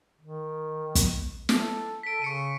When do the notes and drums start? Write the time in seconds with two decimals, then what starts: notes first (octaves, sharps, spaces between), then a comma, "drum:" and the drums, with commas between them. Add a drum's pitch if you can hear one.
0.21 D#3
0.95 drum: kick, hi-hat
1.49 A4, drum: snare
2.03 A4 B6 D7
2.22 C#3 C#6 C#7 D#7